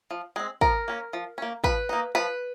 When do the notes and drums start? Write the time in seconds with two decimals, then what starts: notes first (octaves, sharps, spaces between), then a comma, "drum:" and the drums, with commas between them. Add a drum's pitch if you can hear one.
0.11 F3
0.36 G#3 C4
0.61 F3 A#4, drum: kick
0.88 A#3 C#4
1.13 F3
1.38 A#3 C#4
1.64 F3 B4, drum: kick
1.89 A#3 D#4
2.15 F3 B4